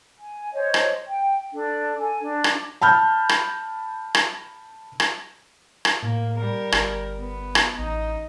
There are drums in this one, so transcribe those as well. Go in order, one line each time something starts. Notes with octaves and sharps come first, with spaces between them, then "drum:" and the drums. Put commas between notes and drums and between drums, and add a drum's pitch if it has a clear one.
G#5
C5 C#5 D#5
drum: rim click
G5
D4 A4
A4 G#5
D4
drum: rim click
A5 B5 F6 G6
drum: rim click
drum: rim click
drum: rim click
drum: rim click
A2 A#3
G3 A#4
G1, drum: rim click
B3
drum: rim click
A1 D#4